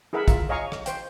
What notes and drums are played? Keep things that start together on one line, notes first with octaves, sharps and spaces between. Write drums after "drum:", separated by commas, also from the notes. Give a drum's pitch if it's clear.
E4 G#4 A#4 E5 F#5 B5
F4 E5 A#5, drum: kick, hi-hat
C#5 D#5 F5 G#5 A#5 C#6
drum: rim click
C5 G5, drum: hi-hat